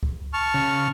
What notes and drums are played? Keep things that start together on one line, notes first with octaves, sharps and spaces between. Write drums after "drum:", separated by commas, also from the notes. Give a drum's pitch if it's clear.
drum: kick C#2
A5 C#6 F6
C#3